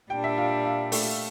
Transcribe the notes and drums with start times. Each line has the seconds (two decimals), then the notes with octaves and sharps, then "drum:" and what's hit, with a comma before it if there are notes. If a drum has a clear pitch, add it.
0.10 A#2 G3 D4 G5
0.24 E5
0.38 F4
0.65 F4
0.92 A3, drum: open hi-hat